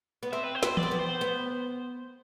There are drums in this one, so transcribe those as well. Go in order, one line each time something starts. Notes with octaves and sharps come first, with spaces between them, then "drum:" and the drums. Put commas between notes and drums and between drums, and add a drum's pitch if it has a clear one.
B3
C4 E5
B4
C5
B3, drum: snare
D5, drum: tom E3
C4
B3
C5
B3